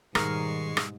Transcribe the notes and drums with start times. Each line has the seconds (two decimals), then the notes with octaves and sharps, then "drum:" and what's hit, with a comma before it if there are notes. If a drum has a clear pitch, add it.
0.15 G#2 B2 D#3 G3 G#3 A#4 C#6 C7, drum: rim click
0.77 drum: rim click